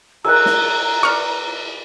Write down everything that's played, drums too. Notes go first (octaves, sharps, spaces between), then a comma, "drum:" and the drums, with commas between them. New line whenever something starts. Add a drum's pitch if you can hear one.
G#4 A#4 A#5 E6 F#6, drum: cymbal
drum: snare
B4 D5 C#6 F6